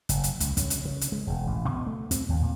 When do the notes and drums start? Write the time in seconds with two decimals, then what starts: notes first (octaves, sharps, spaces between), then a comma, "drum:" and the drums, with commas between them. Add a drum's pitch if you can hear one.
0.09 F#1, drum: hi-hat
0.24 drum: hi-hat
0.40 C#2, drum: hi-hat
0.57 C#3, drum: kick, hi-hat
0.70 drum: hi-hat
0.85 C#3
1.01 drum: hi-hat
1.12 G#3
1.27 E1
1.47 A1
1.68 B2
1.87 A3
2.11 C4, drum: kick, hi-hat
2.29 D#2
2.41 A#2